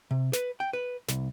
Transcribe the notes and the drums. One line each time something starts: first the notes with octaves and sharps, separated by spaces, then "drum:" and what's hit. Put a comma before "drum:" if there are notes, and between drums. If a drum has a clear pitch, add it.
C3
B4, drum: snare
G5
B4
C2, drum: snare